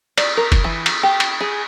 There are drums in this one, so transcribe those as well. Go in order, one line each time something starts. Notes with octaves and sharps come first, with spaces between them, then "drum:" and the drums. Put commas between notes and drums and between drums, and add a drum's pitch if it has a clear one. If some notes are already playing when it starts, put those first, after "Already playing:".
D5, drum: cymbal
A#4
drum: kick, cymbal
E3
drum: cymbal
G4
drum: cymbal
G#4